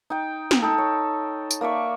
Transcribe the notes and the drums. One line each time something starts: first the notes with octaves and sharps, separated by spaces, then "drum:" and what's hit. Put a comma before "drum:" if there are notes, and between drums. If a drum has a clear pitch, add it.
D#4 G5
drum: snare
D#4 A4
C#5
drum: tambourine
A#3 D5 E5 C#6